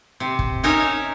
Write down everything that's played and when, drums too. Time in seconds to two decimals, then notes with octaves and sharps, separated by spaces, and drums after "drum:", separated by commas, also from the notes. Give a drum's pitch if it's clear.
0.20 C3
0.39 drum: kick
0.63 C#4 D#4 A#4 C#5 E5